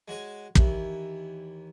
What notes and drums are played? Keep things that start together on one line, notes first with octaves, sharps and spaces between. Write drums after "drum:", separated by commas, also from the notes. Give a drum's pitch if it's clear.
G#3 F#4 C#5 G#5
D#2 E3, drum: kick